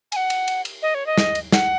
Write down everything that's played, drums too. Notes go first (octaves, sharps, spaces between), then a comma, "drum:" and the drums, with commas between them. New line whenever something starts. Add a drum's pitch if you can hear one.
G#5, drum: cymbal
F#5
drum: cymbal
drum: cymbal
drum: cymbal
D#5
C#5
D#5
drum: snare
drum: cymbal
F#5, drum: snare